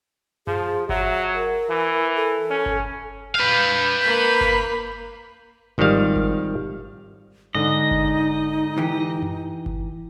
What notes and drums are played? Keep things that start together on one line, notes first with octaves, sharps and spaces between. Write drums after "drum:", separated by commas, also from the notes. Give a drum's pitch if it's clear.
F3 G#4, drum: tom F#2
F#3 E5, drum: kick G1
A#4
E3
A4
C#4
drum: kick G1
B4 F5 G6
A#3 B5
drum: kick G1
G#1 D#3 F3 G3 F5
drum: kick G1
G#2 D3 D#4 D#5
drum: kick G1
E3 G4
drum: tom F#2
drum: kick G1